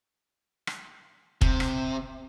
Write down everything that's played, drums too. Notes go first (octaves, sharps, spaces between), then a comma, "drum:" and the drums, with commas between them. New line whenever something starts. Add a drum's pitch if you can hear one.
drum: rim click
C3, drum: kick
drum: rim click